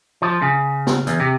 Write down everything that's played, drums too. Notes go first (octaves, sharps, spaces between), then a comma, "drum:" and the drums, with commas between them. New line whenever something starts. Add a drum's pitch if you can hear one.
F3
C#3
drum: snare
E2, drum: hi-hat
C3